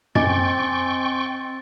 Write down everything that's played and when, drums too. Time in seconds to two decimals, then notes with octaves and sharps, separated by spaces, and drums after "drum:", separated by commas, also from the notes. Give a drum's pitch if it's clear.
0.15 C4 D#5 G5 G#5 C#6 D6 A6, drum: tom F#2